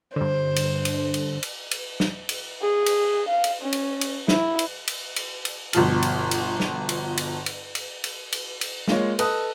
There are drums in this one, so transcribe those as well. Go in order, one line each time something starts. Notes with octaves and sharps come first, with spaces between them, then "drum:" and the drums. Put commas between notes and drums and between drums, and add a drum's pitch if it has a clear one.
G2 D3 C5
drum: cymbal
drum: cymbal
drum: cymbal
drum: cymbal
drum: cymbal
drum: snare
drum: cymbal
G#4
drum: cymbal
F5
drum: cymbal
C#4
drum: cymbal
drum: cymbal
E4, drum: snare
drum: cymbal
drum: cymbal
drum: cymbal
drum: cymbal
G1 B2 F3 F6, drum: cymbal
drum: cymbal
drum: cymbal
drum: snare
drum: cymbal
drum: cymbal
drum: cymbal
drum: cymbal
drum: cymbal
drum: cymbal
drum: cymbal
G#3 A#3 F4 C#5, drum: snare
A4 B4 D#5 A5 D#6 F#6, drum: cymbal